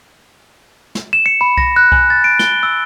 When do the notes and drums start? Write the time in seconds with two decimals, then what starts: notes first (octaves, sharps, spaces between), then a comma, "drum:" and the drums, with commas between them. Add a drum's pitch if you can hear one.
0.95 drum: snare
1.13 E7
1.26 C#7
1.41 B5
1.58 A#6, drum: kick C2
1.76 F#6
1.92 G#5, drum: kick C2
2.10 A6
2.24 D7
2.39 G7, drum: snare
2.63 E6